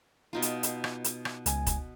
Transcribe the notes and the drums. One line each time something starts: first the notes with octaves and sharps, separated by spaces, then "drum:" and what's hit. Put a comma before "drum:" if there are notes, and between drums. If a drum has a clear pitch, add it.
B2 D#4 F4
drum: hi-hat
drum: hi-hat
drum: rim click
drum: hi-hat
drum: rim click
C#2 G#5, drum: hi-hat
drum: kick, hi-hat